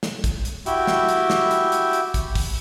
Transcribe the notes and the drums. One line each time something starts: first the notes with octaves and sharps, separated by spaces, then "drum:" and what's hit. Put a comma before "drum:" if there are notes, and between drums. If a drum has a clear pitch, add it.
drum: snare
drum: kick, hi-hat
drum: hi-hat
E4 F#4 G4 E5 G5, drum: hi-hat
drum: snare
drum: hi-hat
drum: snare
drum: hi-hat
drum: hi-hat
drum: hi-hat
drum: kick, hi-hat
drum: kick, open hi-hat